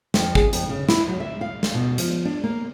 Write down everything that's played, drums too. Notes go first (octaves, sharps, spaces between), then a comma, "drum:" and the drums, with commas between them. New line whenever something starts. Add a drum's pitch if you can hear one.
F2, drum: snare
G#4, drum: kick
F2, drum: hi-hat
C#3
E4, drum: snare
F#3
E5
F5
drum: snare
B2
F3, drum: hi-hat
D4
A#3